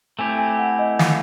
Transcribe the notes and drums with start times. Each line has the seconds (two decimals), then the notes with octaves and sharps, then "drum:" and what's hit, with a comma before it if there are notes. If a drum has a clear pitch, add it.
0.19 A3 C4 E4 G4 G#5
0.38 G#5
0.59 F#5
0.79 D#5
0.99 F5, drum: snare